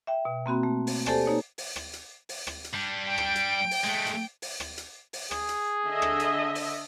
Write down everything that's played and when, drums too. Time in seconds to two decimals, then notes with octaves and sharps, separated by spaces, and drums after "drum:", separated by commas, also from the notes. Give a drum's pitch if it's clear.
0.07 E5 G5
0.25 B2
0.46 A#3 C4 F#4 B5
0.63 A3
0.87 drum: open hi-hat
1.06 G4 A4 C5 D5 G#5 A5, drum: rim click
1.26 A#3 D#4 C#5
1.58 drum: open hi-hat
1.76 drum: rim click
1.93 drum: hi-hat
2.29 drum: open hi-hat
2.47 drum: rim click
2.64 drum: hi-hat
2.74 G3 D4
3.07 G5 D7
3.18 drum: rim click
3.35 drum: hi-hat
3.71 drum: open hi-hat
3.84 G#3 A3
4.07 drum: hi-hat
4.42 drum: open hi-hat
4.60 drum: rim click
4.78 drum: hi-hat
5.13 drum: open hi-hat
5.31 G#4, drum: rim click
5.49 drum: hi-hat
5.88 D3 D#5 E5
6.02 drum: rim click
6.20 drum: hi-hat
6.55 drum: open hi-hat